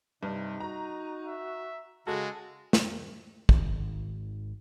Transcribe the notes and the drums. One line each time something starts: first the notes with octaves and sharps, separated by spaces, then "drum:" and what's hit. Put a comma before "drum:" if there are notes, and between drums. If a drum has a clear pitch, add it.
G2 C3 D#4
F#4 A#5
E5
C#3 G#3 F#4 A4
drum: snare
G#1 D#3, drum: kick